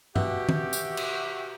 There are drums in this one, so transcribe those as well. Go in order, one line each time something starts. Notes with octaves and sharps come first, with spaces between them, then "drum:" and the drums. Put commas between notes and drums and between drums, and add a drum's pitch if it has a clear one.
B2 F#4 G4 E5, drum: tom G2
drum: tom
drum: tambourine
drum: cymbal